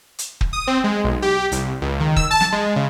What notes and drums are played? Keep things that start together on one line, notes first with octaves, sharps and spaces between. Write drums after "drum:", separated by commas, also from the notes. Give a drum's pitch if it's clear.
drum: hi-hat
drum: kick
D#6
C4
G#3
B1
G4
C2, drum: hi-hat
C#2
D#3
E6, drum: kick
A5
drum: snare
G#3
C#3